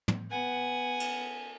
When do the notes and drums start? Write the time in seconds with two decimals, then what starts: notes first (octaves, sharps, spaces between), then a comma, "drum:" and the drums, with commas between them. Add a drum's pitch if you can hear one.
0.08 drum: tom
0.31 B3 F#5 G#5
1.00 drum: cymbal